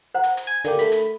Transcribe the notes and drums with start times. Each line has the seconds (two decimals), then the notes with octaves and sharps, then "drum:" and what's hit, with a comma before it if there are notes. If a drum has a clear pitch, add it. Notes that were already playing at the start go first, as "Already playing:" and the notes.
0.14 C5 F#5 A#5
0.23 drum: hi-hat
0.37 drum: hi-hat
0.47 G#5 G#6
0.64 D3 A#3 G4, drum: hi-hat
0.79 A3 B5, drum: hi-hat
0.92 drum: hi-hat